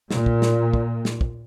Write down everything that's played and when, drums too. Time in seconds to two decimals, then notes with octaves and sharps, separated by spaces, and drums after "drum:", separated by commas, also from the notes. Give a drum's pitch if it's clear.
0.11 A#2, drum: snare
0.26 drum: kick
0.42 drum: snare
0.74 drum: kick
1.05 drum: snare
1.21 drum: kick